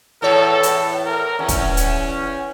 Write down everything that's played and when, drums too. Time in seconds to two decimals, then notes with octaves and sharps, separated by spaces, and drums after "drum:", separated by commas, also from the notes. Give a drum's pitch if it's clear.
0.22 E2 A2 A4 C#5
0.63 drum: hi-hat
1.06 A#4
1.39 E2 C#4
1.48 drum: kick, hi-hat
1.77 drum: hi-hat